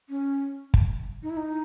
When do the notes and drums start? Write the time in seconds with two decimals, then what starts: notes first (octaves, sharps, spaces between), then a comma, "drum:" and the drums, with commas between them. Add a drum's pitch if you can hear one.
0.09 C#4
0.74 drum: kick
1.23 D#4
1.30 E4
1.37 D#4